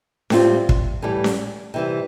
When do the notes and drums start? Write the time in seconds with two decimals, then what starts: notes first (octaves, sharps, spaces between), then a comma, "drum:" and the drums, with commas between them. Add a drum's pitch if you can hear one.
0.30 A2 G3 C4 F4, drum: snare C#4
0.69 drum: kick
1.02 A2 E3 G3
1.24 drum: snare C#4
1.74 C3 E3 G3